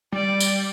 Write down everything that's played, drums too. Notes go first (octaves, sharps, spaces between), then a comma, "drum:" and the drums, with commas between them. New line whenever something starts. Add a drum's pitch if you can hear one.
G3 D5
drum: tambourine